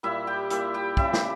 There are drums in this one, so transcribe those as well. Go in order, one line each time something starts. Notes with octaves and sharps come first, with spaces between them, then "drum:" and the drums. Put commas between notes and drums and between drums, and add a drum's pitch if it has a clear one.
A#2 G3 E4 E5
G4 G5
A#2 G3 E4 E5, drum: hi-hat
G4 G5
C#3 G3 E4 E5, drum: kick
drum: snare